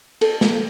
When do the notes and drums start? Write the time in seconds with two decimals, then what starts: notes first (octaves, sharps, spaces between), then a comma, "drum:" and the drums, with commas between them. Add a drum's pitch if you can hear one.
0.21 A4, drum: cymbal
0.41 drum: snare